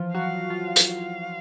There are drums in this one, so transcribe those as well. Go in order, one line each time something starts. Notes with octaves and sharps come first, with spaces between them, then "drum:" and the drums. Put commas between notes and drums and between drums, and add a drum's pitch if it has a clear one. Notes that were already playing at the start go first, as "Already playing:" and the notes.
Already playing: E3 F3 F4
F#3 F#4 F5
F3 F4
drum: hi-hat
F5